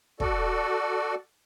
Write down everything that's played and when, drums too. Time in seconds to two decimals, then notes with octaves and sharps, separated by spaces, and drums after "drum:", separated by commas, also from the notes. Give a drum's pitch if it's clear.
0.20 F#4 A4 D5, drum: kick